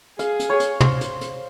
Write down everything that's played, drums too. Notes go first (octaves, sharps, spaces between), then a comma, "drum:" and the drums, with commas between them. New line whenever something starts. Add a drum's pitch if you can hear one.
G#4 F5, drum: hi-hat
drum: hi-hat
C#5
drum: hi-hat
C5, drum: tom
drum: hi-hat
drum: hi-hat